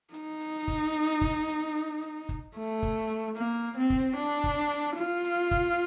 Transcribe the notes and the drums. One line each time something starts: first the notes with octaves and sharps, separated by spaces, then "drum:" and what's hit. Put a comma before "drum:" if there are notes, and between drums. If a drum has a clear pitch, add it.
D#4, drum: hi-hat
drum: hi-hat
drum: kick, hi-hat
drum: kick
drum: hi-hat
drum: hi-hat
drum: hi-hat
drum: kick, hi-hat
A3
drum: kick, hi-hat
drum: hi-hat
A#3, drum: hi-hat
C4
drum: kick, hi-hat
D4
drum: kick, hi-hat
drum: hi-hat
F4, drum: hi-hat
drum: hi-hat
drum: kick, hi-hat